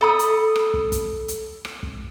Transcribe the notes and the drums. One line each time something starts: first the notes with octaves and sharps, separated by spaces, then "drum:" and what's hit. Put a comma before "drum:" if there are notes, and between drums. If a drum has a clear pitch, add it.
A4 B5 D#6
drum: hi-hat
drum: rim click
drum: kick
drum: kick, hi-hat
drum: hi-hat
drum: rim click
drum: kick